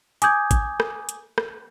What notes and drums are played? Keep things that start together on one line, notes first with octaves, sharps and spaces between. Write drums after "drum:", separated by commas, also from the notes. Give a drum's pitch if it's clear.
G#5 D6 D#6 G6 G#6, drum: hi-hat
drum: kick, hi-hat
drum: rim click
drum: hi-hat
drum: rim click